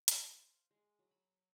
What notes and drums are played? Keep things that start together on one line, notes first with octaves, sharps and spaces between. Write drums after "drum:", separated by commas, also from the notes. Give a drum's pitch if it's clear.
drum: hi-hat
C5
F5
G#3
F#3
B5